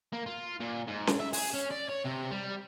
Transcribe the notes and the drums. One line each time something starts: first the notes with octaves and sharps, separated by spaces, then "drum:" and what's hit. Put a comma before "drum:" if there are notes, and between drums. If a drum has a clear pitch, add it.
A#3
F4
A#2
G#2
drum: snare C#4
E5
G#4, drum: open hi-hat
C#4
D5
C#5
C3
G3